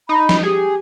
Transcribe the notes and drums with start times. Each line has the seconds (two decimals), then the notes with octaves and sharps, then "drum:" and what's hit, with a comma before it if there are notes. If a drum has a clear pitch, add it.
0.09 D#4 B5
0.29 drum: snare
0.43 G4 G#4